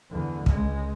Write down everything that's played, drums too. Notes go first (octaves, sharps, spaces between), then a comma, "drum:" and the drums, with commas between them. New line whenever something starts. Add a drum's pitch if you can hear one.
E2 D3
C#2 G#3, drum: kick